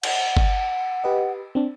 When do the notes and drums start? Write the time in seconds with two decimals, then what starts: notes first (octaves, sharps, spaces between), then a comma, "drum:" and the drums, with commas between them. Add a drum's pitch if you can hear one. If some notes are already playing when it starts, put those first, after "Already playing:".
0.03 F#5, drum: cymbal
0.37 drum: kick G1
1.04 G4 B4 D#5
1.55 C4 D4